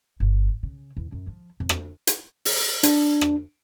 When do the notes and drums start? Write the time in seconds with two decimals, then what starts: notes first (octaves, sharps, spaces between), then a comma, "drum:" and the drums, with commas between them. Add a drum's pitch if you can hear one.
0.20 G1
0.63 C#3
0.97 E2
1.12 F#2
1.27 F3
1.60 F2
1.69 drum: rim click
2.07 drum: hi-hat
2.45 drum: open hi-hat
2.83 D4, drum: hi-hat
3.21 drum: rim click